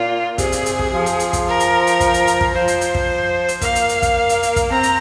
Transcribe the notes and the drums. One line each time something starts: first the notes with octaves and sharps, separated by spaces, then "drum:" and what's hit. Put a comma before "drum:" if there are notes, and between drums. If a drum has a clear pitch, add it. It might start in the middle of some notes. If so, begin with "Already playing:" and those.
Already playing: A#2 F4
C3 G#4, drum: kick, hi-hat
drum: hi-hat
drum: hi-hat
drum: kick
F3
drum: hi-hat
drum: hi-hat
drum: kick, hi-hat
A#4
drum: hi-hat
drum: hi-hat
drum: kick, hi-hat
drum: hi-hat
drum: hi-hat
drum: kick
F3 C5
drum: hi-hat
drum: hi-hat
drum: kick
drum: hi-hat
A#3 F5, drum: kick, hi-hat
drum: hi-hat
drum: hi-hat
drum: kick, hi-hat
drum: hi-hat
drum: hi-hat
drum: kick, hi-hat
C4 A#5
drum: hi-hat